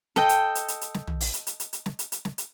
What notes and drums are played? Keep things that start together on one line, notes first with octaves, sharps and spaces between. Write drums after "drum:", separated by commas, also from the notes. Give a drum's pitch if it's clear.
A4 D#5 G5, drum: snare
drum: hi-hat
drum: hi-hat
drum: hi-hat
drum: hi-hat
drum: snare
drum: tom
drum: open hi-hat
drum: hi-hat
drum: hi-hat
drum: hi-hat
drum: hi-hat
drum: snare
drum: hi-hat
drum: hi-hat
drum: snare
drum: hi-hat